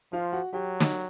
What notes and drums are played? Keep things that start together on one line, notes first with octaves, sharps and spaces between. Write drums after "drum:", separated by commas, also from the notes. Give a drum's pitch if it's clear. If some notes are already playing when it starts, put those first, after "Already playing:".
F3 F4 F5
F#4 F#5
F#3 G4 G5
drum: snare